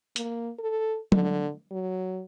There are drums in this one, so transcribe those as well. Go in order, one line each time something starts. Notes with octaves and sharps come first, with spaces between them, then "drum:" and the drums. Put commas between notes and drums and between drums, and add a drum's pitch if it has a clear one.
A#3, drum: hi-hat
A4
D3, drum: tom F#3
F#3